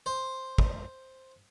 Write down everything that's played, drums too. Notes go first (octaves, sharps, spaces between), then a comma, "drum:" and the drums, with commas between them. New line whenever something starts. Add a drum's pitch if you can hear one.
C5
drum: kick